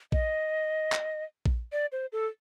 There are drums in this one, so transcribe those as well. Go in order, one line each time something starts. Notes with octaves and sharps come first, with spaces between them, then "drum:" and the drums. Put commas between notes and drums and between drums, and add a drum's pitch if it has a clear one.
D#5, drum: kick A#1
drum: clap
drum: kick A#1
D5
C5
A4